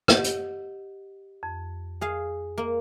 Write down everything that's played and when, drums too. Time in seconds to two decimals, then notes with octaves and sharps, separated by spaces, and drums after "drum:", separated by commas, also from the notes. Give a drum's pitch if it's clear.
0.08 G4 D#5 F#5, drum: rim click
0.24 drum: hi-hat
1.43 F2
2.01 G#4 F5
2.58 A#3